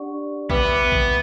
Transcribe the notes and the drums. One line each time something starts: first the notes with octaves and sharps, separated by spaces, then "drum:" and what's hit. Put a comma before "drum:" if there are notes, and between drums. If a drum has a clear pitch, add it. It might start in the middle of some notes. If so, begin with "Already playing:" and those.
Already playing: D4 G4 D5 F#5 C#6
B3 B4 E5 G5 D6, drum: kick A#1
drum: kick A#1